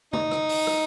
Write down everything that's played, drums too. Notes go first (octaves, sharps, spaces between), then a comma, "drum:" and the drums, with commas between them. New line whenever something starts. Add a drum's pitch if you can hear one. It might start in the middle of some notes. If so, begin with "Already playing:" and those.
D#4, drum: tom C#3
drum: rim click
drum: open hi-hat
drum: rim click